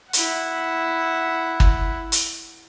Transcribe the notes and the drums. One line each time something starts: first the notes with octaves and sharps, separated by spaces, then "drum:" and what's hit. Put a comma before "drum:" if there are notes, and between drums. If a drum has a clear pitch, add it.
E4 F#5, drum: hi-hat
drum: kick
drum: hi-hat